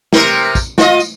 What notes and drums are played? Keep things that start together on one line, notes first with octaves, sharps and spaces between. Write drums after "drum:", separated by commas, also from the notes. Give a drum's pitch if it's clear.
C3 C4 A#4, drum: snare
drum: kick, tambourine
F4 D#5, drum: snare
drum: tambourine